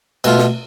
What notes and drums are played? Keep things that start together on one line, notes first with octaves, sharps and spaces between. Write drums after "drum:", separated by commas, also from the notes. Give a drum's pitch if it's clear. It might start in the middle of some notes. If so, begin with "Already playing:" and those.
B2 A3 F4, drum: cymbal
drum: snare